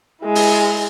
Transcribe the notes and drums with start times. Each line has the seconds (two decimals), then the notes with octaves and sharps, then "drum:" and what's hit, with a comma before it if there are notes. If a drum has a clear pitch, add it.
0.22 G#3 E4
0.35 drum: open hi-hat